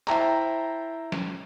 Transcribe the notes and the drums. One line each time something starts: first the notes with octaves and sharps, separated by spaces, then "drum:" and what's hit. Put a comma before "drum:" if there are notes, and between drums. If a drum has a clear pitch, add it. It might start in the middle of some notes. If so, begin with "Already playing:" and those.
E4 C5 E5 G5 A5 A#5, drum: clap
drum: snare